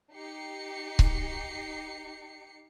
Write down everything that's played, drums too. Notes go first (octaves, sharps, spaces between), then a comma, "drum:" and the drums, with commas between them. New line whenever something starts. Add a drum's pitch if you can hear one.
D#4 G4 C7 C#7
drum: kick C#1